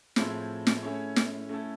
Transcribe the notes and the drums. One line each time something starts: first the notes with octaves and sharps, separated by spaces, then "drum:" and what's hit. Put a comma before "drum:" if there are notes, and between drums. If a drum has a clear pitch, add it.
A2 F3 G#3 C4 E4, drum: snare
drum: snare
A3 C#4 E4 G#4 C#5
drum: snare
A3 C#4 E4 A4